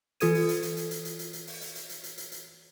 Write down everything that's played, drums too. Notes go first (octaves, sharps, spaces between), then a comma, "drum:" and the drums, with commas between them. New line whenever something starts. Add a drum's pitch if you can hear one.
E3 F4 A4 D#6 G#6 D#7, drum: hi-hat
drum: open hi-hat
drum: hi-hat
drum: hi-hat
drum: hi-hat
drum: hi-hat
drum: hi-hat
drum: hi-hat
drum: hi-hat
drum: open hi-hat
drum: hi-hat
drum: hi-hat
drum: hi-hat
drum: hi-hat
drum: hi-hat
drum: hi-hat